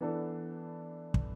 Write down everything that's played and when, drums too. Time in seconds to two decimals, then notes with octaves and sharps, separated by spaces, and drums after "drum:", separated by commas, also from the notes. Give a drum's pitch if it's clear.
0.01 E3 B3 D4 A4
1.14 drum: kick